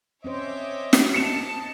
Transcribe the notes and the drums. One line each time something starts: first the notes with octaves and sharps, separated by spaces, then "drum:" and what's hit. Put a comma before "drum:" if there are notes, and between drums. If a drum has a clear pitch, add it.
C4 C#4 C5 C#5 D#5 E5 D6
drum: snare
A5 C#7 E7